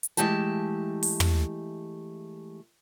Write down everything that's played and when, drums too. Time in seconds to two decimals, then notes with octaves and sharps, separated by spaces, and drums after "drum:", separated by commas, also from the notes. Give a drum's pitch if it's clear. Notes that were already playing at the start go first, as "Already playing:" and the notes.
0.03 drum: hi-hat
0.17 E3 G#3 A3 G4 A5, drum: hi-hat
1.03 drum: open hi-hat
1.20 drum: tom